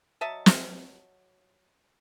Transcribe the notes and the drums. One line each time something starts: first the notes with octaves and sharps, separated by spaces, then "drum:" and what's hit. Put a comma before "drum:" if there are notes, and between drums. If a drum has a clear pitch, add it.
F#3 D#5 E5 A5
drum: snare